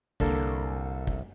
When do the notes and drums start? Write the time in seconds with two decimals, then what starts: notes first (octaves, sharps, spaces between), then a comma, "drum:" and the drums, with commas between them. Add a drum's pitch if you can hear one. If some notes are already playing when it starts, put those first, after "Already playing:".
0.20 C2 D3 A#3 A4, drum: kick
1.07 drum: kick